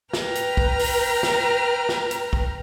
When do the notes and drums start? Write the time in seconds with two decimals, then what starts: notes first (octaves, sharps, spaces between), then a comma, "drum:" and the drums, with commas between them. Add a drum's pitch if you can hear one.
0.13 B4 G5 A#5 F6, drum: snare
0.35 drum: hi-hat
0.57 drum: kick
0.79 drum: open hi-hat
1.23 drum: snare
1.89 drum: snare
2.11 drum: hi-hat
2.33 drum: kick